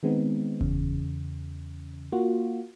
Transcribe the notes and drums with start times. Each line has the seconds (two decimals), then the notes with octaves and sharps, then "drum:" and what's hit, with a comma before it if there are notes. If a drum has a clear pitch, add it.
0.03 D#3 G#3 B3 C4 D#4
0.61 E2 C#3, drum: kick F#1
2.12 A#3 F4 F#4